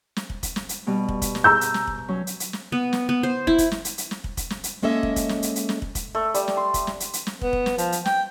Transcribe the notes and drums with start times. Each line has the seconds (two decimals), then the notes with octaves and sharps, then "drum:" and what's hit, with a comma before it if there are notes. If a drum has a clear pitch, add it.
0.16 drum: snare
0.30 drum: kick
0.43 drum: kick, hi-hat
0.56 drum: snare
0.69 drum: hi-hat
0.87 B2 G3 B3
1.09 drum: kick
1.22 drum: kick, hi-hat
1.35 drum: snare
1.44 A#5 E6 G6
1.61 drum: hi-hat
1.74 drum: snare
1.87 drum: kick
2.08 F#3 C#4
2.27 drum: hi-hat
2.40 drum: hi-hat
2.53 drum: snare
2.72 B3
2.93 drum: snare
3.09 B3
3.23 C5
3.47 E4, drum: kick
3.58 drum: kick, hi-hat
3.72 drum: snare
3.85 drum: hi-hat
3.98 drum: hi-hat
4.11 drum: snare
4.24 drum: kick
4.37 drum: kick, hi-hat
4.50 drum: snare
4.64 drum: hi-hat
4.82 G#3 A#3 C#4 A4 D#5 E5
5.03 drum: kick
5.16 drum: kick, hi-hat
5.29 drum: snare
5.42 drum: hi-hat
5.56 drum: hi-hat
5.69 drum: snare
5.82 drum: kick
5.95 drum: kick, hi-hat
6.15 A3
6.34 G3, drum: hi-hat
6.48 drum: snare
6.57 C6
6.74 drum: kick, hi-hat
6.87 drum: snare
7.00 drum: hi-hat
7.13 drum: hi-hat
7.27 drum: snare
7.41 B3, drum: kick
7.53 drum: kick
7.66 drum: snare
7.78 F3, drum: hi-hat
7.92 drum: hi-hat
8.05 G5, drum: snare